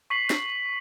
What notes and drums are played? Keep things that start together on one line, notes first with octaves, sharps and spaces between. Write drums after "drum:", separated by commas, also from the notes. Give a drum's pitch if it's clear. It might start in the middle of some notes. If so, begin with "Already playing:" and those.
C#6 B6 C7 F#7
drum: snare